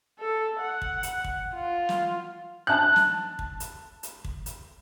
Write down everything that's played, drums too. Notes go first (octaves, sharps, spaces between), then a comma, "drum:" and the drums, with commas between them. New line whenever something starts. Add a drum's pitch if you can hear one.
A4
F#5
drum: kick
drum: hi-hat
drum: kick
F4
drum: snare
A5 F#6
drum: snare
drum: kick
drum: hi-hat
drum: hi-hat
drum: kick
drum: hi-hat